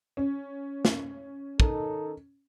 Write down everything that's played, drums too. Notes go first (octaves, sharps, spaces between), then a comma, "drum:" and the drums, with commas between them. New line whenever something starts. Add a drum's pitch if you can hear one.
C#4
drum: snare
D#3 D#4 A4, drum: kick